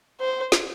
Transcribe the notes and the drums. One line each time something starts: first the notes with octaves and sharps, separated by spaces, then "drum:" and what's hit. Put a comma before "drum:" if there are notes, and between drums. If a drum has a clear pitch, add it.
C5
drum: snare